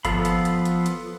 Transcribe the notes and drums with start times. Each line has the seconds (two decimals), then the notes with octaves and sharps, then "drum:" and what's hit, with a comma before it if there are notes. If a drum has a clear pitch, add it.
0.05 F3 B3 A4 F5 B5, drum: kick G1, hi-hat
0.25 drum: hi-hat
0.45 drum: hi-hat
0.65 drum: hi-hat
0.86 drum: hi-hat